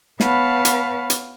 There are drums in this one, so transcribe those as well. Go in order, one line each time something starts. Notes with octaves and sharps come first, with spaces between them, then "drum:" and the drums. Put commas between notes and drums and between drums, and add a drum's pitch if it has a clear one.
B3 B4 C#5 F5 F#5 A5, drum: snare
drum: hi-hat
drum: hi-hat